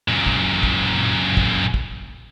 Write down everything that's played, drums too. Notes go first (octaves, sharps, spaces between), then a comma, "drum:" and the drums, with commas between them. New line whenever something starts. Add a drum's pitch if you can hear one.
F#2 A#2
drum: kick
drum: kick
drum: kick
drum: kick